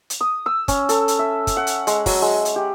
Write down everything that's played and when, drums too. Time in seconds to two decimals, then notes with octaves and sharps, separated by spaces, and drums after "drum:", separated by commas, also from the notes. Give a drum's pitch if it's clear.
0.10 drum: hi-hat
0.21 D#6
0.46 E6
0.68 C#4, drum: kick, hi-hat
0.89 A4, drum: hi-hat
1.08 drum: hi-hat
1.19 E5
1.47 drum: kick, hi-hat
1.57 F#5
1.67 drum: hi-hat
1.87 G#3, drum: hi-hat
2.06 F#3, drum: kick, open hi-hat
2.22 G#3
2.45 drum: hi-hat
2.56 G4